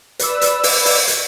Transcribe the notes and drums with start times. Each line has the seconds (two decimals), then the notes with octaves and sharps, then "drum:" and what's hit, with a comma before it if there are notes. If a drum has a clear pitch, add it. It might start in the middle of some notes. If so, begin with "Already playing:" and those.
0.19 B4 D5 E6, drum: hi-hat
0.41 drum: hi-hat
0.63 drum: open hi-hat
0.85 drum: open hi-hat
1.08 drum: hi-hat